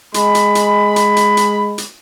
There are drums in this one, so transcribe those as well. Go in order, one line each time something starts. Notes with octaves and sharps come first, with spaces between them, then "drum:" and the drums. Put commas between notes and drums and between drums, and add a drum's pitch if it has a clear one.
G#3 B5, drum: hi-hat
drum: hi-hat
drum: hi-hat
drum: hi-hat
drum: hi-hat
drum: hi-hat
drum: hi-hat